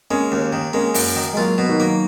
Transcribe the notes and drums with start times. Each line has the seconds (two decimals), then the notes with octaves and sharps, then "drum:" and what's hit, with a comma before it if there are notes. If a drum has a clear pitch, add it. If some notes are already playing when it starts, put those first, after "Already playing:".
0.10 G#3 A#3 C#4
0.32 D#2
0.53 D#3
0.73 G#3 A#3 C#4
0.95 F#2, drum: open hi-hat
1.16 D#3
1.33 G#3
1.37 F#3 A#3 F4
1.58 B2
1.69 D#3 F#3
1.80 A#3